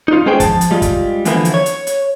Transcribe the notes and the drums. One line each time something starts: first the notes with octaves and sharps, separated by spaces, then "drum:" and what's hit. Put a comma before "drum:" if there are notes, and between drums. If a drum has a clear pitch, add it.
D#4 F4
G#3 B3 C#4 G#4 C5 G5
F3 A5, drum: kick, hi-hat
drum: hi-hat
G3 G#3 F4
drum: kick, hi-hat
D3 E3 F3 A#3 B3 E4, drum: hi-hat
drum: hi-hat
C#5
drum: hi-hat
drum: hi-hat